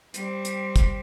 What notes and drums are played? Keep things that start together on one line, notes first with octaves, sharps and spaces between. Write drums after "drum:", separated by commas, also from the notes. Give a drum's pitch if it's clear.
G3 C4, drum: hi-hat
drum: hi-hat
drum: kick, hi-hat